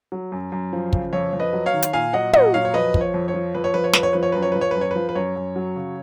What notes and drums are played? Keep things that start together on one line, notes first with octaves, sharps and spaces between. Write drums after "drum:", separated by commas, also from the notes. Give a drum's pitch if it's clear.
F#3
F#2
F#2
F3
C#3, drum: kick
F2 C#5
F2
B4 D#5
F#3
C#5 F5
D#3
drum: hi-hat
A#2 F5 G#5
F#3 D#5 F#5
A#2 D#5 F#5, drum: tom
F#3 C#5 F5
C#5
F2 B4 D#5
F3, drum: kick
C#5
F2
C#5
F3
F2 B4
C#5
F3 B4
C#5
F2 B4, drum: snare
C#5
F3 B4
C#5
F#2 B4
C#5
F3 B4
C#5
F#2 B4
C#5
F3 B4
B4
F#2 C#5
F#2
F#3
C#3